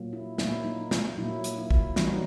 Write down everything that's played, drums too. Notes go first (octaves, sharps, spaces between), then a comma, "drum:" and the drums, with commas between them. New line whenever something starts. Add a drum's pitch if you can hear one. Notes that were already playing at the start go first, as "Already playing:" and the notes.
Already playing: A#2 F#3 A#3
E4
A#2 F#3 A#3 E4, drum: snare
D#4
drum: snare
A#2 F#3 A#3 E4
drum: hi-hat
E4
drum: kick
E3 F#3 G3 B3 D#4 F#4, drum: snare